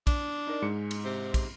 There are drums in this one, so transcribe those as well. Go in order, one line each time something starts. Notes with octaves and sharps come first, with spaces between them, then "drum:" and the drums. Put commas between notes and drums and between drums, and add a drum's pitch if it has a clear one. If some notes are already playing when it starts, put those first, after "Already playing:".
D4, drum: kick, cymbal
D#4 A#4 D5
G#2 G#3 C#7
drum: cymbal
C3
drum: kick, cymbal